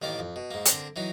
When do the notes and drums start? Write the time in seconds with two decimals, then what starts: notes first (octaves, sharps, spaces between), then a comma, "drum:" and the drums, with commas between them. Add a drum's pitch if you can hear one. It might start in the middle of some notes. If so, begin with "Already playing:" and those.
0.02 A1 D#3 A#3 D5
0.19 F2
0.36 B2
0.51 G#2 A#3
0.66 D3 C4 A#4, drum: hi-hat
0.96 E3 F#3 D#4